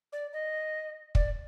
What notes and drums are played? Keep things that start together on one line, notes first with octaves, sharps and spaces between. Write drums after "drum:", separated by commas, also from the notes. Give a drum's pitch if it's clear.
D5
D#5
D5, drum: kick